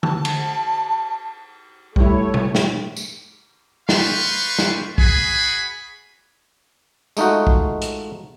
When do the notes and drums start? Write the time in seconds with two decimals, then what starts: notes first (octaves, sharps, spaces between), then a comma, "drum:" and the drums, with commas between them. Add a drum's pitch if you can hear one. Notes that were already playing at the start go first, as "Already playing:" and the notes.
0.03 A5, drum: tom D3
0.25 drum: cymbal
1.96 G3 A3 E4 C#5, drum: kick A#1
2.34 drum: tom B2
2.55 drum: snare
2.96 drum: tambourine
3.89 G3 B4 F5 C6 C#6, drum: snare
4.59 drum: snare
4.98 F#4 G#4 F#5 G#5 B5, drum: kick A#1
7.17 G#3 A3 D#4 F4 F#4, drum: tambourine
7.47 drum: kick A#1
7.82 drum: hi-hat